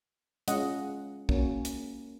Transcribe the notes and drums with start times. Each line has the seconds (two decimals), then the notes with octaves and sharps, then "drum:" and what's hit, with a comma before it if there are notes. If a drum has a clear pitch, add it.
0.48 G#3 C#4 F4 D#5 F#5, drum: hi-hat
1.29 A#3 C#4 F#4, drum: kick
1.65 drum: hi-hat